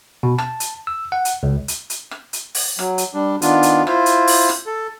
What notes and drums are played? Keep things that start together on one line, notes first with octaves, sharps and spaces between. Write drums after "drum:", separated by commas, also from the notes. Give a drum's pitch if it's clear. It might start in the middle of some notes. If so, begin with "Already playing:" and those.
B2
A5, drum: rim click
drum: hi-hat
E6
F#5
drum: hi-hat
C#2
drum: hi-hat
drum: hi-hat
drum: rim click
drum: hi-hat
drum: open hi-hat
F#3, drum: rim click
drum: hi-hat
G3 D4
D#3 B3 D4 F4, drum: hi-hat
drum: hi-hat
E4 F4 C5, drum: rim click
drum: hi-hat
drum: open hi-hat
drum: rim click
A4